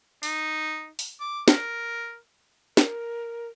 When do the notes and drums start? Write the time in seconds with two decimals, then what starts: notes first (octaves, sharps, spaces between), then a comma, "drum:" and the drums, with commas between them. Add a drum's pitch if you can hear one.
0.23 D#4, drum: open hi-hat
0.99 drum: open hi-hat
1.20 D6
1.48 A#4, drum: snare
2.77 A#4, drum: snare